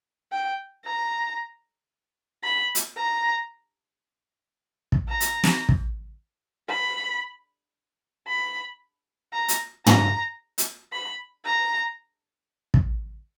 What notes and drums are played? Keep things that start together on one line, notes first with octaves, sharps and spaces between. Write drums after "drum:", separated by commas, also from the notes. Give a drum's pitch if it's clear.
G5
A#5
B5
drum: hi-hat
A#5
drum: kick
A#5
drum: hi-hat
drum: snare
drum: kick
B5
B5
A#5
drum: hi-hat
A#5, drum: tom
drum: hi-hat
B5
A#5
drum: kick